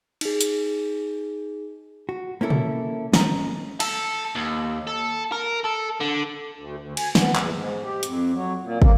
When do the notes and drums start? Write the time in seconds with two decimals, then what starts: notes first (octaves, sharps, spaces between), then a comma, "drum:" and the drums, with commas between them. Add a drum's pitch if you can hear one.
0.21 D#4 G#4, drum: cymbal
0.41 drum: hi-hat
2.09 F#4
2.41 A#3 C#4 E4 A4
2.50 drum: tom A#2
3.14 C#4 D#5 A#5, drum: snare
3.80 A4, drum: cymbal
4.35 D#2
4.87 A4
5.32 A#4
5.64 A4
6.00 D3
6.57 D2
6.80 D2
6.97 G#5, drum: cymbal
7.15 B3, drum: snare
7.35 E2, drum: clap
7.52 G#2
7.83 G4
8.03 F2, drum: hi-hat
8.33 F#3
8.63 A#2
8.82 A#3, drum: kick